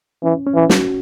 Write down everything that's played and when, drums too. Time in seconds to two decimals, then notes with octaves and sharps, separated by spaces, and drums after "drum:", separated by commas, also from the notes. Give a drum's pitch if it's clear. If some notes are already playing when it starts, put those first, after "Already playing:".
0.23 E3 C#4
0.47 C#4
0.55 E3
0.69 F#4, drum: snare